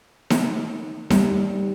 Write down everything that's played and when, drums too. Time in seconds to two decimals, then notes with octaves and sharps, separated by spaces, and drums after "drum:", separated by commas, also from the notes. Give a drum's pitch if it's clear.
0.30 drum: snare D#4
1.10 G3, drum: snare D#4